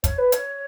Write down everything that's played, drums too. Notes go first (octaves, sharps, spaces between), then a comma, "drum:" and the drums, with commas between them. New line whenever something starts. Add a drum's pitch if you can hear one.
C#5, drum: kick, hi-hat
B4
C#5, drum: hi-hat